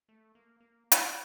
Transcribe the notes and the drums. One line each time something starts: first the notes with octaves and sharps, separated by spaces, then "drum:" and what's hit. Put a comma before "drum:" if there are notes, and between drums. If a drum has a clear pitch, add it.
A3
A#3
A#3
drum: hi-hat